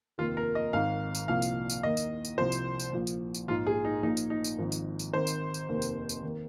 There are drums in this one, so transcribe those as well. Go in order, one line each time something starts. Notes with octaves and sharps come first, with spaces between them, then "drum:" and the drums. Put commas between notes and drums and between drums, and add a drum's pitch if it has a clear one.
F1 D#2 D#3 F4
A#4
D#5
G#1 G#2 D#3 F5
drum: tambourine
C2 A#2 F3 F5
drum: tambourine
drum: tambourine
D#2 D#3 D#5
drum: tambourine
drum: tambourine
C2 C3 F3 C5
drum: tambourine
drum: tambourine
A#1 A#2 F3
drum: tambourine
drum: tambourine
A#1 G#2 F3 F4
G#4
D#4
A#1 A#2 F3 D#4
drum: tambourine
D#4
drum: tambourine
G#1 G#2 F3
drum: tambourine
drum: tambourine
G#1 G#2 D#3 C5
drum: tambourine
drum: tambourine
F1 D#2 D#3
drum: tambourine
drum: tambourine
D#2 D#3